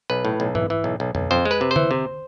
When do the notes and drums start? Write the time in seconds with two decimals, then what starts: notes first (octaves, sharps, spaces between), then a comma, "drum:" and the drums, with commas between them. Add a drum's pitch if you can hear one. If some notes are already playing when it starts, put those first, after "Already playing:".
0.10 B1 B4
0.25 A2
0.40 B1
0.55 E3, drum: tom G#2
0.70 E3
0.84 B1
1.00 B1
1.15 B1, drum: tom F2
1.31 F2 C5
1.45 G#3
1.51 B4
1.61 C3
1.71 C5
1.76 E3, drum: tom D3
1.91 C3